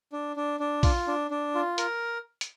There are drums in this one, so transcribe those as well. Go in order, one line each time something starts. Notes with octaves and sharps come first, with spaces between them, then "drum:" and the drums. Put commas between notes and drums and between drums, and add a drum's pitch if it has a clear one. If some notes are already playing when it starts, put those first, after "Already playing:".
D4
D4
D4
F4, drum: kick A#1, open hi-hat
D4
D4
F4
A#4, drum: hi-hat
drum: hi-hat